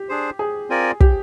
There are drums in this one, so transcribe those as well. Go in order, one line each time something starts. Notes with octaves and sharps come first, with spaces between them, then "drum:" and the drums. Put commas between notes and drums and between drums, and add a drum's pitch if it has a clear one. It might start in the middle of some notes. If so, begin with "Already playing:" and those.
Already playing: G4
D4 G#4 C5
G#4
C4 F4 A#4 D5 G#5
G4, drum: kick